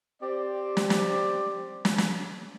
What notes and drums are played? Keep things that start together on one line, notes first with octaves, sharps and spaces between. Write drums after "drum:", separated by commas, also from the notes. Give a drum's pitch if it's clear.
C4 G4 C5 D5
drum: snare
drum: snare
drum: snare
drum: snare